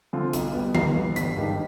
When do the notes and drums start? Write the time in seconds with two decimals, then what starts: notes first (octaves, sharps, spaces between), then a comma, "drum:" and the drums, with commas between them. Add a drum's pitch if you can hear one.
0.13 D3 F3 C4 F4
0.33 B1, drum: hi-hat
0.54 B2 G3 B3
0.75 B1 C7, drum: tom D3
0.96 B2 G3 B3
1.16 G1 B6, drum: hi-hat
1.37 G2 D#3 G#3 D4